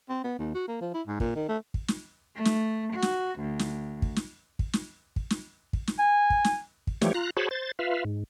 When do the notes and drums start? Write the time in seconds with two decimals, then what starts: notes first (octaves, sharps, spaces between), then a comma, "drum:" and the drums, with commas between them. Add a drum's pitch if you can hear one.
0.09 C4
0.24 B3
0.39 D#2
0.55 F#4
0.68 A#3
0.81 F3
0.94 E4
1.07 G#2
1.20 A#2, drum: kick
1.35 D#3
1.49 A3
1.74 drum: kick
1.88 drum: snare
2.35 A3
2.45 drum: snare
2.93 F#4
3.02 drum: snare
3.39 D2
3.59 drum: snare
4.02 drum: kick
4.16 drum: snare
4.59 drum: kick
4.73 drum: snare
5.16 drum: kick
5.30 drum: snare
5.73 drum: kick
5.87 drum: snare
5.99 G#5
6.30 drum: kick
6.44 drum: snare
6.87 drum: kick
7.02 E3 F3 G3 A3 G4 C#5, drum: snare
7.14 F4 A#5 F#6
7.37 F#4 G#4 C5 C#5 A5 B5
7.51 C5 A6
7.79 F4 B4 E5 F5
8.05 G#2